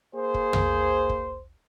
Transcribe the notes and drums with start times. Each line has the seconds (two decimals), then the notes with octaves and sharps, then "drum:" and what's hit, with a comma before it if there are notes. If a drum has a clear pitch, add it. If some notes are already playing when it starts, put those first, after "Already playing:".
0.16 A#3 G#4 C5
0.34 drum: kick
0.53 drum: tom
1.09 drum: kick